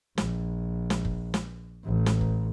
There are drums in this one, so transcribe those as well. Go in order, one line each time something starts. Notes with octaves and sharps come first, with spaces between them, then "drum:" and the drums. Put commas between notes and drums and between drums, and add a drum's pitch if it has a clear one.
A#1, drum: snare
drum: snare
drum: kick F#1
drum: snare
A1
drum: snare
drum: kick F#1